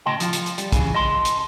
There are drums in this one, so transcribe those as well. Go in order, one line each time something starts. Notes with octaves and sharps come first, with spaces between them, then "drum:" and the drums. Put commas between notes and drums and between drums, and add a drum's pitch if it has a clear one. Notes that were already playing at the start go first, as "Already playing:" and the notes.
A2 C#3 D#5 G5 A5 C6
F3 F4, drum: hi-hat
drum: hi-hat
drum: hi-hat
G3, drum: hi-hat
C#3 E3 G#4, drum: kick, hi-hat
D#5 A5 C6
drum: hi-hat